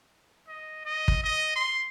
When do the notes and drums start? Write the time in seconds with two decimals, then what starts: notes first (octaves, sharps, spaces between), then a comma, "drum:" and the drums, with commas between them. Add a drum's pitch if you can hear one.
0.48 D#5
0.85 D#5
1.08 drum: kick
1.23 D#5
1.56 C6